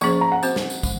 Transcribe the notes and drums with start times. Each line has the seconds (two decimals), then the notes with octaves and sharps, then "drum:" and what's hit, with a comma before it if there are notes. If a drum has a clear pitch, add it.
0.01 F3 A#3 C#4 G#4 C5 C#6, drum: tambourine
0.21 A#5
0.32 F#5
0.43 C4 F#4 C5, drum: tambourine
0.56 drum: snare
0.70 drum: tambourine
0.83 D#3 G#3, drum: kick, tambourine